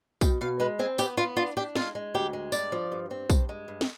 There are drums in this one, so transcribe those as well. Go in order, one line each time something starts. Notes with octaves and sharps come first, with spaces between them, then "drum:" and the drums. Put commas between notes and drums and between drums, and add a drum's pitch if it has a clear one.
B2 G5, drum: kick, tambourine
B2 F5
G#3 B4
C4 G#4
B3 G4, drum: tambourine
B3 F4
D4 F4
D4 G4
G#3 F4, drum: snare
G#3
D2 G4
G#3
G2 D5, drum: tambourine
F3
G2
C4
G2, drum: kick, tambourine
G#3
G2
drum: snare